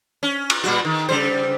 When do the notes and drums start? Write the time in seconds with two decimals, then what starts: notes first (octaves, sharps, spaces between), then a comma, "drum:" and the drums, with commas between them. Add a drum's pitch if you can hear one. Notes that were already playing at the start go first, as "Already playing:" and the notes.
0.23 C#4
0.50 drum: cymbal
0.64 A#2 G3 F#4
0.85 D#3
1.09 C#3 G3 C5